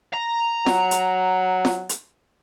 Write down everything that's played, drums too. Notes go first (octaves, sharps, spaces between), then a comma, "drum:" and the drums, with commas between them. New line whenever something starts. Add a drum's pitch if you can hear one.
A#5
F#3, drum: snare
drum: hi-hat
drum: snare
drum: hi-hat